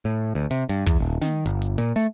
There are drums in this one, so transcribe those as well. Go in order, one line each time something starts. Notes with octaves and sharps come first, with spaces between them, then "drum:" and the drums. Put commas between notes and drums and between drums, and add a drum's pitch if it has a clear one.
A2
D2
C3, drum: hi-hat
G2, drum: hi-hat
E2, drum: kick, hi-hat
D#1
D#3, drum: snare
G1, drum: hi-hat
drum: hi-hat
A#2, drum: hi-hat
A3